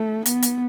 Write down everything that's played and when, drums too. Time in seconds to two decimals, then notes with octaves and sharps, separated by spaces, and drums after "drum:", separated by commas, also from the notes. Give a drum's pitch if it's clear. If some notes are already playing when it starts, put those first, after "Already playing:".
Already playing: A3
0.26 B3, drum: hi-hat
0.42 drum: hi-hat